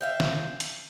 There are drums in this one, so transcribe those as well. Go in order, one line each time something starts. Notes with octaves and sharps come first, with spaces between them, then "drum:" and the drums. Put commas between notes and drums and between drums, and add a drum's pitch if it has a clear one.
E5 F5 G5
drum: snare
drum: hi-hat